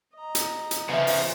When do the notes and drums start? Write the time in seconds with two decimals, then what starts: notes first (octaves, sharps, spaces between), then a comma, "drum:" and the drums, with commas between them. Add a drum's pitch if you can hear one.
0.15 D#5 A#5
0.35 drum: hi-hat
0.71 drum: hi-hat
0.89 C#3 F3 B3 E5
1.07 drum: open hi-hat